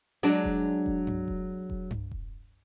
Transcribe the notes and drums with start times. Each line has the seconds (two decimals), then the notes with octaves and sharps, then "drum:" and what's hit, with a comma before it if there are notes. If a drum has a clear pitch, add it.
0.23 F#3 G#3 D4
0.44 drum: kick E1
0.86 drum: kick E1
1.07 drum: tom G2
1.28 drum: kick E1
1.70 drum: kick E1
1.91 drum: tom G2
2.11 drum: kick E1